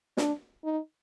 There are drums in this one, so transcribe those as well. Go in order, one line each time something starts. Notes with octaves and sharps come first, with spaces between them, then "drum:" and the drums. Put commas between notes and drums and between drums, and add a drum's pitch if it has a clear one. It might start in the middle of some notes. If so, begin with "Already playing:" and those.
D4, drum: snare
D#4